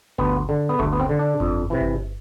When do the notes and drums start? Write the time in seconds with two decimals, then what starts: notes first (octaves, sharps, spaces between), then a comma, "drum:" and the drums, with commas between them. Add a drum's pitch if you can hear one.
0.18 D2 B3, drum: kick G1
0.49 D3
0.69 B3
0.79 D2 A3, drum: kick G1
0.93 B3
1.00 C4
1.09 D3
1.19 D4
1.40 F2, drum: kick G1
1.70 C3 E3
1.81 drum: kick G1